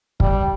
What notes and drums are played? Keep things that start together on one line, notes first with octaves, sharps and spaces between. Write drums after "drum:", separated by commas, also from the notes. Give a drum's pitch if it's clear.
G3, drum: kick